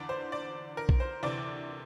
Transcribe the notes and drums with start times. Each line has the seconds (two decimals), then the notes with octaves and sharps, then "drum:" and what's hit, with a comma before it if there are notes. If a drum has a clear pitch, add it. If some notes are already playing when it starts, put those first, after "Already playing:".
Already playing: E2 D3 D5
0.09 C5
0.32 D5
0.77 A#4
0.89 drum: kick B1
1.00 C5
1.23 D2 C3 E3 D5